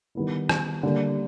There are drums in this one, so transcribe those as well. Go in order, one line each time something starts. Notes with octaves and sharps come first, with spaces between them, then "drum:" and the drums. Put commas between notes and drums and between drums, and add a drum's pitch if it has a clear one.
D#3 G3 B3 E4
drum: rim click
D3 G3 A#3